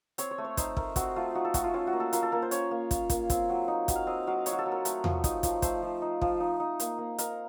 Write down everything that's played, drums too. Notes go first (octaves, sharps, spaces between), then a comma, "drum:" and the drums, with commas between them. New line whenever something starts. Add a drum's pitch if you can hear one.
C4 C#5, drum: hi-hat
C#5
A3
C#5
D#4 C5, drum: kick, hi-hat
A3 A#4, drum: kick
C4 F#4, drum: kick, hi-hat
A3 F4
D#4 F#4
A4
A3 F#4, drum: kick, hi-hat
F4
C#4 F4
F#4
A#3
A4
F4 A#4, drum: hi-hat
A4
A#3 A#4
C5
C#4 C#5, drum: hi-hat
A#3
F4, drum: kick, hi-hat
A#3, drum: kick, hi-hat
C4, drum: kick, hi-hat
F#3
D#4
F#3, drum: kick, hi-hat
F5
C4 D#5
F#3 F5
D#4 C#5, drum: hi-hat
F#4
A4
F#3
A#4
A3, drum: hi-hat
F3, drum: tom E2
D#4, drum: kick, hi-hat
F3, drum: kick, hi-hat
A3 C5, drum: kick, hi-hat
F3
D#4
F3, drum: kick
D#4
D#4
A#3, drum: hi-hat
A#3
D#4 A#4, drum: hi-hat